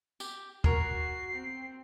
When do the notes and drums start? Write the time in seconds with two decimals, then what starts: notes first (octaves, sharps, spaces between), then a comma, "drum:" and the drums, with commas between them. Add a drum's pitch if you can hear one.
0.20 G4, drum: tambourine
0.64 F#4 A#4 C#5 C7, drum: kick D2
1.33 C4